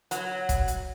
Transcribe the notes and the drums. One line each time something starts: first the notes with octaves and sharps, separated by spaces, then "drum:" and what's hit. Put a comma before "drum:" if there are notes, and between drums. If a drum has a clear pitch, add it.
F#3, drum: hi-hat
drum: kick, hi-hat
drum: hi-hat